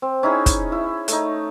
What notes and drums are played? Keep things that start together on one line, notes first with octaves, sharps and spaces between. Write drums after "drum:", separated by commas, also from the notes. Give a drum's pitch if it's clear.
C4
C#4 D#4 E4 G#4
drum: kick, hi-hat
E4
A3 D#4, drum: hi-hat